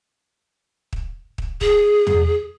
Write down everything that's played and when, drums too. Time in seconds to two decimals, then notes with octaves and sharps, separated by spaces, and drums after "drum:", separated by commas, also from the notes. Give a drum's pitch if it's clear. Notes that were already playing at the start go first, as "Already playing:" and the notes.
0.93 drum: kick
1.38 drum: kick
1.61 G#4, drum: kick
2.07 drum: tom